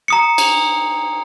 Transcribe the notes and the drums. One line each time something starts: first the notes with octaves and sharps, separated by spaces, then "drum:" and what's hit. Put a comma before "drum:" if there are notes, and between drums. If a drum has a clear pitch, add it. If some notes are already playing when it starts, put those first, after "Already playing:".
A#5 D#6 C#7
drum: cymbal